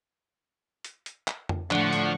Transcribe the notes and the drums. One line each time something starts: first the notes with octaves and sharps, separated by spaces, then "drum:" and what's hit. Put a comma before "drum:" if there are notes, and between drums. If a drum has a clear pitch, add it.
drum: hi-hat
drum: hi-hat
drum: clap
drum: tom F2
A2 D3 F3 D4 F#5 C#6, drum: clap
drum: hi-hat